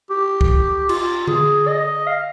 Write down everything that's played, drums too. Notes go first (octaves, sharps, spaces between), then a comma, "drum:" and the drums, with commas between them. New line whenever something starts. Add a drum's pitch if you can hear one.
G4
drum: kick
F4, drum: cymbal
G#4, drum: tom D3
D#5
F5